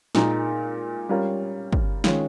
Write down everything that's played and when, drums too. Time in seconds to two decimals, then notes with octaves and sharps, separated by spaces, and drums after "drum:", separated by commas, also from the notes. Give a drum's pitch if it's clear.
0.15 A#2 G#3 D#4 A#4, drum: snare
1.09 G3 C#4 F4 A#4
1.73 drum: kick
2.04 D#3 G#3 C#4 F4, drum: snare